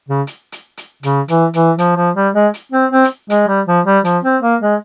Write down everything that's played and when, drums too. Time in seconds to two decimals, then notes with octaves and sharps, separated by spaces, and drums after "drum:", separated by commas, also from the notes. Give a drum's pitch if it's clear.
0.09 C#3
0.27 drum: hi-hat
0.52 drum: hi-hat
0.77 drum: hi-hat
1.03 C#3, drum: hi-hat
1.28 E3, drum: hi-hat
1.54 E3, drum: hi-hat
1.78 F3, drum: hi-hat
1.97 F3
2.16 G3
2.34 G#3
2.54 drum: hi-hat
2.72 C4
2.92 C4
3.04 drum: hi-hat
3.30 G#3, drum: hi-hat
3.48 G3
3.67 F3
3.86 G3
4.05 F3, drum: hi-hat
4.24 C4
4.42 A#3
4.62 G#3